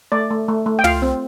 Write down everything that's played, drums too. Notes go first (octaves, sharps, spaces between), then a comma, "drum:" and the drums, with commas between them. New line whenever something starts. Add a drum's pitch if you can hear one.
A3 D5
A3
A3
A3
G5
F4 F5, drum: tom
C4